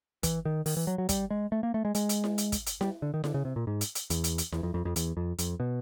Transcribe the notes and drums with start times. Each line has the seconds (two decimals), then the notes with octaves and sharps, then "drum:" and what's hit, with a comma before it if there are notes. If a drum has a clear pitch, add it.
0.23 E3, drum: kick, hi-hat
0.45 D#3
0.66 D#3, drum: open hi-hat
0.77 E3
0.87 F#3
0.98 F#3
1.09 G3, drum: kick, hi-hat
1.30 G#3
1.52 A3
1.63 A#3
1.74 A3
1.85 G#3
1.95 G#3, drum: hi-hat
2.09 drum: hi-hat
2.24 drum: snare E4
2.38 drum: hi-hat
2.52 drum: kick, hi-hat
2.67 drum: hi-hat
2.81 G3, drum: snare E4
3.02 D3
3.14 D#3
3.24 D3, drum: snare E4
3.34 C#3
3.45 C3
3.56 A#2
3.67 G#2
3.81 drum: hi-hat
3.95 drum: hi-hat
4.10 E2, drum: hi-hat
4.24 drum: hi-hat
4.38 drum: hi-hat
4.52 E2, drum: snare E4
4.63 F2
4.74 F2
4.85 F2
4.96 E2, drum: hi-hat
5.17 F2
5.39 F2, drum: hi-hat
5.60 B2